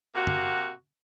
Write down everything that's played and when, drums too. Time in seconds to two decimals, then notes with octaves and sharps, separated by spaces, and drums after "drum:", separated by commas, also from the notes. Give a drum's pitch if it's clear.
0.14 C3 A#3 F#4
0.27 drum: tom